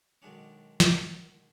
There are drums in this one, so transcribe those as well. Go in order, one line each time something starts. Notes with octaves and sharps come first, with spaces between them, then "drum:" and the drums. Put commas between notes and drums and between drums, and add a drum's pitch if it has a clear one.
B1 B2 D#3 G#3 D4 C#5
drum: snare